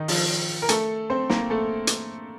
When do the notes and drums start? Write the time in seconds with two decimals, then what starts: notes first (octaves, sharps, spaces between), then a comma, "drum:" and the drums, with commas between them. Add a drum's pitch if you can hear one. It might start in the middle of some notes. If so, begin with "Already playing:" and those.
Already playing: D#3 D#4
0.08 F3 F4, drum: open hi-hat
0.62 A#4
0.69 A3 A4, drum: hi-hat
1.10 C4 C5
1.30 A#3 A#4, drum: snare
1.50 A3 A4
1.87 drum: hi-hat